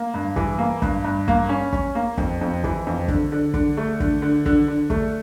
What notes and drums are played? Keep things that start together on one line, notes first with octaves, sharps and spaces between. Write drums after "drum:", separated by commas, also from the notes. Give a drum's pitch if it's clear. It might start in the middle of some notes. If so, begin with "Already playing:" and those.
Already playing: A#3
G2
E3, drum: kick
A#3
G2, drum: kick
G2
A#3, drum: kick
C#4
C#4, drum: kick
A#3
F2, drum: kick
F2
E3, drum: kick
F2
D3, drum: kick
D3
D3, drum: kick
A3
D3, drum: kick
D3
D3, drum: kick
D3
A3, drum: kick